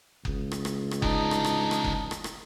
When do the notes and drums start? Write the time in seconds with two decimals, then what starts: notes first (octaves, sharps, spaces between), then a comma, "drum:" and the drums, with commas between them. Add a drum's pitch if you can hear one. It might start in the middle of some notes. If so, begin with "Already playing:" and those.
0.25 C#2, drum: kick F#1
0.51 drum: rim click
0.65 drum: rim click
0.91 drum: rim click
1.02 E3 D4 D#4, drum: kick F#1
1.31 drum: rim click
1.44 drum: rim click
1.71 drum: rim click
1.84 drum: kick F#1
2.11 drum: rim click
2.24 drum: rim click